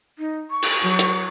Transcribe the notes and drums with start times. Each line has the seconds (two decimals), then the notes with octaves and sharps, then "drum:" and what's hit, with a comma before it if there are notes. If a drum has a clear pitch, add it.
0.19 D#4
0.51 C#6
0.62 drum: cymbal
0.82 F#3
0.99 drum: hi-hat